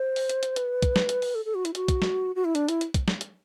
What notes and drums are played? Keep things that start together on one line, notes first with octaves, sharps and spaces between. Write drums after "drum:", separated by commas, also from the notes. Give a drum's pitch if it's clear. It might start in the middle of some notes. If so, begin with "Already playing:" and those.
Already playing: C5
drum: open hi-hat
drum: hi-hat
drum: hi-hat
B4, drum: hi-hat
drum: kick, hi-hat
drum: snare
drum: hi-hat
drum: open hi-hat
A4
A4
F#4
E4, drum: hi-hat
F#4, drum: hi-hat
drum: kick, hi-hat
drum: snare
F#4
E4
D4, drum: hi-hat
E4, drum: hi-hat
drum: hi-hat
drum: kick, hi-hat
drum: snare
drum: hi-hat